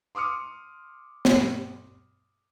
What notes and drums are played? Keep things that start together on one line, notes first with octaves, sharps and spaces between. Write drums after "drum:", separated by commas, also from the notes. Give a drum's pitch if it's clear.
C6 D6 D#6 F6 C#7
drum: snare